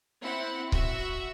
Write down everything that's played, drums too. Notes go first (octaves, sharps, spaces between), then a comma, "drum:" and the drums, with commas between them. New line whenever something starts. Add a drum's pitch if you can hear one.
C4 E4 F#5
F#4 E5, drum: kick C#1